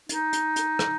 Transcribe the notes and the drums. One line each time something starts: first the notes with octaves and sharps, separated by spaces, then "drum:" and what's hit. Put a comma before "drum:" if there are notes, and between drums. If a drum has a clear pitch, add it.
D#4, drum: hi-hat
drum: hi-hat
drum: hi-hat
drum: rim click